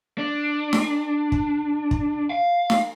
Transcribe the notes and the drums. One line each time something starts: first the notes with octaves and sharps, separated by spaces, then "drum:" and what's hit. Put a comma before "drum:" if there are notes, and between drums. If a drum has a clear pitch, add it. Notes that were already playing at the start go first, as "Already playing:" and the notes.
D4
drum: snare
drum: kick
drum: kick
F5
drum: snare